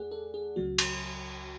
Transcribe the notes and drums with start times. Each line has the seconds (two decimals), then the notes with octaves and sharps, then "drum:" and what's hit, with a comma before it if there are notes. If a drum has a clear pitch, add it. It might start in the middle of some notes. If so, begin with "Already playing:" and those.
Already playing: E2 A3 G#4 D5 F#5
0.11 A4
0.34 G#4
0.56 C#2 C#3 F#3 A3 F#4
0.78 drum: cymbal